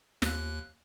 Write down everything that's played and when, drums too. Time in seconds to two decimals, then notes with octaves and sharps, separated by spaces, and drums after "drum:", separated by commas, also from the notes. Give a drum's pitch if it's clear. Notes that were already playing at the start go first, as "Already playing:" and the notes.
0.22 D#2 F#6, drum: snare